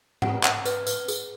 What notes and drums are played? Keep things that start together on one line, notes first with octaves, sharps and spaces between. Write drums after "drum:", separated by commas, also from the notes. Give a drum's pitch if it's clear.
F#5, drum: tom G#2
F#5, drum: clap
B4, drum: tambourine
B4, drum: tambourine
G#4, drum: tambourine